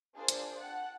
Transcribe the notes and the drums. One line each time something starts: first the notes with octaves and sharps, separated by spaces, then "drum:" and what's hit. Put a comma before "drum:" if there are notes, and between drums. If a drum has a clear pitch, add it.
D4 F4 G#4 A#4 C5 D5
drum: hi-hat
F#5 G5 A5 F#6